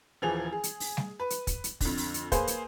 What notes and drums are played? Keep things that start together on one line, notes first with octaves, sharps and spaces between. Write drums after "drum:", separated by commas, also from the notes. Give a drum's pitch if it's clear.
D#1 E3 F3 G#4 F7
G#4
drum: hi-hat
drum: open hi-hat
drum: snare G3
B4
drum: hi-hat
drum: kick, hi-hat
drum: hi-hat
F2 D3, drum: kick, open hi-hat
drum: open hi-hat
drum: hi-hat
A#3 G#4 B4 C5, drum: kick, hi-hat
drum: hi-hat